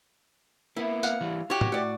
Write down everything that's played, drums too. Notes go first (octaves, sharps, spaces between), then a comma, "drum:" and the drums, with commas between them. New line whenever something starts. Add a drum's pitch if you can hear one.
A#3 B3 E4
F5 F#5, drum: tambourine
E3 G3
E4 F#4 G4 C#5 F#5
drum: tom
A2 F#4 D5